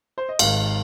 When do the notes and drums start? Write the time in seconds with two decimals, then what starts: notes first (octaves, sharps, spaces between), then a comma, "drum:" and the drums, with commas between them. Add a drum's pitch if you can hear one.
0.18 C5
0.29 D#5
0.39 G#1 G#2 D#3 G#3 F5, drum: cymbal